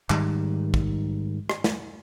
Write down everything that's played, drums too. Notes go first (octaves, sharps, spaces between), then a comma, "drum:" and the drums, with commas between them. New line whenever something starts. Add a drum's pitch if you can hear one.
G#2 D#3 G3, drum: clap
drum: kick
drum: rim click
drum: snare